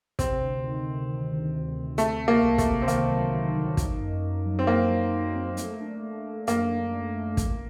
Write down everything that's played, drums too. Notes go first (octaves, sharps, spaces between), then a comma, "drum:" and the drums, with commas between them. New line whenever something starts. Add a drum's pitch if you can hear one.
C3 C4, drum: kick, hi-hat
D2
D#3
D2
D#3
D2
D2
D2
C3 A3, drum: hi-hat
C3
A#3
C2
A3, drum: kick, hi-hat
C3
C4
D#3 A#3, drum: hi-hat
F#3
F#3
F#3
D#4, drum: kick, hi-hat
F#2
F#2
F#3
C4
A#3 D#4
F#3
D#4
C4
A3, drum: hi-hat
D4
A3
A3
F#2 A#3, drum: hi-hat
D4
D4
A3
A1, drum: kick, hi-hat